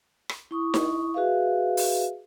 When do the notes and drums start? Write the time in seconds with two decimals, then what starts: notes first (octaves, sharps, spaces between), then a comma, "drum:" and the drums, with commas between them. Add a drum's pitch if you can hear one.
0.29 drum: rim click
0.51 E4 C#6 D#6
0.74 drum: snare D#4
1.14 F#4 G#4 B4 E5 F5
1.77 drum: open hi-hat